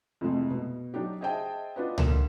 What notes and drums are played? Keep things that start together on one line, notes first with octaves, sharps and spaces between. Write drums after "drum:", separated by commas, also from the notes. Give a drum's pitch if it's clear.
F2 C3 E3 G#3 A3
B2
F#3 D4 D#4 G4
G#4 C5 D#5 E5 G5 A5
D4 F4 F#4 B4 D#5
D2 A#3 E7, drum: tom C#2